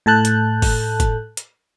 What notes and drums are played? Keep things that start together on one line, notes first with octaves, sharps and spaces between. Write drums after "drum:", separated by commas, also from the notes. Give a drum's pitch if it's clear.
A2 A4 A5 F#6 G6
drum: hi-hat
drum: kick, open hi-hat
drum: kick, hi-hat
drum: hi-hat